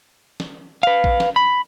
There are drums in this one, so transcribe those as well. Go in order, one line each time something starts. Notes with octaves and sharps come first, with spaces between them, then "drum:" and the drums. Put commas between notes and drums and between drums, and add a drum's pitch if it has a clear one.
drum: snare
B4 F5
drum: kick A#1
drum: snare
B5